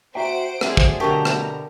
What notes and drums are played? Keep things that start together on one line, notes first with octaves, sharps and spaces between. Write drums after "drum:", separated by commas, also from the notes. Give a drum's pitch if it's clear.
F#4 C5 E5 F#5 G5 A#5 D7
F#3 A3 C4 G#4 C5 D5, drum: rim click
drum: kick
B2 D3 G4 A#4 A5 A#5 C#6
drum: rim click